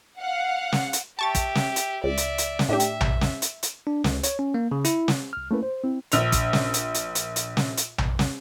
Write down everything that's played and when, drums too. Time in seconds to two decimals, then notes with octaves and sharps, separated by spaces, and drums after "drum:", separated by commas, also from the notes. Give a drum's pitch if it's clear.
0.19 F5 F#5
0.72 drum: snare
0.93 drum: hi-hat
1.19 G4 E5 A5 C#6 A6
1.35 drum: kick, hi-hat
1.55 drum: snare
1.76 drum: hi-hat
2.04 C#2 D5 E5
2.18 drum: hi-hat
2.38 drum: hi-hat
2.59 drum: snare
2.69 A2 D4 G4 E5
2.80 drum: hi-hat
3.01 drum: tom A#1
3.21 drum: snare
3.42 drum: hi-hat
3.63 drum: hi-hat
3.87 D4
4.04 C#2, drum: snare
4.23 C#5, drum: hi-hat
4.39 C#4
4.54 A#3
4.72 C#3
4.85 E4, drum: hi-hat
5.08 drum: snare
5.33 C2 F6
5.51 A3 A#3 C#4 E4 A#4 B4
5.63 C5
5.84 C4 E4
6.12 A#1 F7, drum: hi-hat
6.32 drum: kick, hi-hat
6.53 drum: snare
6.74 drum: hi-hat
6.95 drum: hi-hat
7.15 drum: hi-hat
7.36 drum: hi-hat
7.57 drum: snare
7.78 drum: hi-hat
7.98 drum: tom A#1
8.19 drum: snare